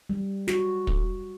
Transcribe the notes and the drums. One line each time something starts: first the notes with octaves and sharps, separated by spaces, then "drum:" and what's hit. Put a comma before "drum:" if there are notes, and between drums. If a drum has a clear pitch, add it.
G3
F#4, drum: snare
drum: kick